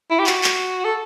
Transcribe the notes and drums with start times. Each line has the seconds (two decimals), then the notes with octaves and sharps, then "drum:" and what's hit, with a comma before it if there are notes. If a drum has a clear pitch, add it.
0.11 E4
0.19 G4
0.27 F#4, drum: clap
0.44 drum: clap
0.85 A4